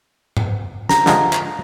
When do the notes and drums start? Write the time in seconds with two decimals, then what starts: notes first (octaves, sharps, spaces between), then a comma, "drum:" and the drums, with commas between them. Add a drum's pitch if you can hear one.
0.37 drum: tom G#2
0.89 A#5, drum: snare
1.06 D3 F3 G#3, drum: snare
1.33 drum: clap